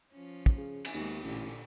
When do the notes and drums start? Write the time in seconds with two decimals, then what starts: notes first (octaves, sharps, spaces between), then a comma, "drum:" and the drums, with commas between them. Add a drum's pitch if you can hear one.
0.12 F3 C#4
0.46 drum: kick
0.57 C#3
0.85 drum: cymbal
0.94 D#2 G#3 F#4
1.23 A1 A#2 D3 G4